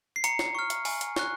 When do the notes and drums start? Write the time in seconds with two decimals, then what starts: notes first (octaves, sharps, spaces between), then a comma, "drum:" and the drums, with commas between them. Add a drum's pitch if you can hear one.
0.16 C7
0.24 A#5 C#7, drum: hi-hat
0.39 drum: snare
0.55 C#6 F6
0.70 drum: hi-hat
0.85 G#5, drum: open hi-hat
1.01 drum: hi-hat
1.16 C#6 F#6, drum: snare